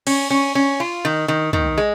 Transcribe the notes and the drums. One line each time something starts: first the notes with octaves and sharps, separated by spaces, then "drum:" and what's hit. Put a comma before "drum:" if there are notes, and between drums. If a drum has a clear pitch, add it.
C#4, drum: cymbal
C#4
C#4
F4
D#3
D#3
D#3, drum: tom
G#3